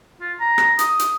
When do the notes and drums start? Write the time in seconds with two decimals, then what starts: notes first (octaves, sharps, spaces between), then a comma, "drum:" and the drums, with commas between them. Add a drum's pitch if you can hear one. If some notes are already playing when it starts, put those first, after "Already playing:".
0.21 F4
0.40 A#5
0.58 drum: rim click
0.79 D#6, drum: hi-hat
0.99 drum: hi-hat